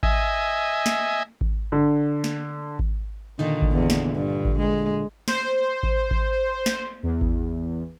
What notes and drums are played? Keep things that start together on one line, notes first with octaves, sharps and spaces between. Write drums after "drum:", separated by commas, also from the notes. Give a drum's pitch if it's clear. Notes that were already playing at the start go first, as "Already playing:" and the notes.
D#5 E5 G#5, drum: kick G#1
drum: snare
drum: kick G#1
D3
drum: snare
drum: kick G#1
A#2 D3 D#3 D#4
drum: kick G#1
E2
drum: snare
G2
drum: kick G#1
G#3
C5, drum: snare
drum: kick G#1
drum: kick G#1
drum: snare
E2
drum: kick G#1